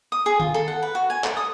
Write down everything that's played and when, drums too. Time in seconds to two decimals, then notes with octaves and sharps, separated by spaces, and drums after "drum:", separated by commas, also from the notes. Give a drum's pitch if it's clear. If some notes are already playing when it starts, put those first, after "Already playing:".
0.12 D#6
0.26 G#4
0.40 F4, drum: tom D#3
0.54 A4
0.68 F#5
0.83 B4
0.95 F#4
1.10 G#5
1.24 A4, drum: clap
1.37 D#6